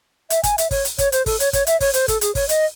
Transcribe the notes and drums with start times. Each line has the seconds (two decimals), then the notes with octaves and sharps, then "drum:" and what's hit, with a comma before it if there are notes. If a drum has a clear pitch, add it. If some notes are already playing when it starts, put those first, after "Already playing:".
0.30 E5, drum: hi-hat
0.43 G#5, drum: kick, hi-hat
0.58 E5, drum: hi-hat
0.71 C#5, drum: kick, open hi-hat
0.85 drum: hi-hat
0.98 C#5, drum: kick, hi-hat
1.12 C5, drum: hi-hat
1.26 A4, drum: kick, open hi-hat
1.40 C#5, drum: hi-hat
1.53 C#5, drum: kick, hi-hat
1.67 E5, drum: hi-hat
1.80 C#5, drum: kick, open hi-hat
1.94 C5, drum: hi-hat
2.08 A4, drum: kick, hi-hat
2.21 G#4, drum: hi-hat
2.35 C#5, drum: kick, open hi-hat
2.49 D#5, drum: hi-hat